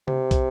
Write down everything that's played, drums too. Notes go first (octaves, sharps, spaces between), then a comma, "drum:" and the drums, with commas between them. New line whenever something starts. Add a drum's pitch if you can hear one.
C3, drum: tom C3
drum: kick, hi-hat